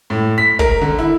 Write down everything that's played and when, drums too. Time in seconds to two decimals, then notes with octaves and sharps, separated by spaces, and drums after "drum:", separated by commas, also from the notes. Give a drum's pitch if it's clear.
0.10 A2
0.38 B6
0.59 A#4, drum: kick
0.82 D3
0.99 E4